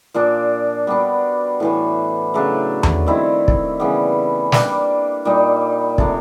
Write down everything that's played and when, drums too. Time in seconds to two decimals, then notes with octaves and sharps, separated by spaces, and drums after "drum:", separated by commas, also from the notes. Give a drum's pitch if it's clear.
0.14 A#2 F3 A#3 D4
0.87 G3 B3 D4 F#4
1.60 A2 E3 A3
2.34 C#3 F#3 A3 D4
2.83 drum: tom E2
3.06 D#3 G3 C4 E4
3.48 drum: kick
3.80 C#3 E3 G3 B3
4.52 G3 A#3 D4, drum: snare
5.25 A#2 G3 A#3 D#4
5.98 C3 F3 A3 D4, drum: kick